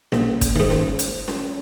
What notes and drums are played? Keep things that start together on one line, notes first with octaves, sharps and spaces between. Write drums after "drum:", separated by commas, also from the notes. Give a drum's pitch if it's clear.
A#1, drum: snare C#4
drum: kick, hi-hat
G#2 D#3
drum: snare C#4
drum: hi-hat
drum: snare C#4